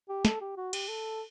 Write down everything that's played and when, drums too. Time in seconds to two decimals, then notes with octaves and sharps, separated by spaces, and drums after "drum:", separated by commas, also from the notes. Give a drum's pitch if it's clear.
0.09 G4
0.25 A4, drum: snare
0.41 G4
0.57 F#4
0.73 G4, drum: cymbal
0.89 A4